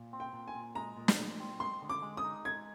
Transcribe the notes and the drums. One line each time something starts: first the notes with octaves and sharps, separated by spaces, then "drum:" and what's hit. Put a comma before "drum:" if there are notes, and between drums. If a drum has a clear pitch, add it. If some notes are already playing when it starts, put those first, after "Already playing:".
Already playing: A#2
C4
G5
A#2
G#5
A#2
G#3 A#5
A#2
drum: snare
A#2
C4
G#3 C6
D3
D6
G#3
D#6
D#4
G#3 G#6